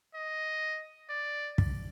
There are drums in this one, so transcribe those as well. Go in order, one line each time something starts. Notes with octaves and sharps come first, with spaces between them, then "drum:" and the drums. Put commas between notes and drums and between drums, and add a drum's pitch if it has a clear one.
D#5
D5
drum: kick